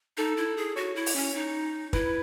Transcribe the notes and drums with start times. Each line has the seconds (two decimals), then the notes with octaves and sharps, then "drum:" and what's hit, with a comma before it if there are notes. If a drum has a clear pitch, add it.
0.17 D#4 A4
0.37 E4
0.57 G#4
0.76 F#4 C#5
0.96 E4
1.06 drum: open hi-hat
1.16 C#4
1.35 D#4
1.93 E4 B4, drum: kick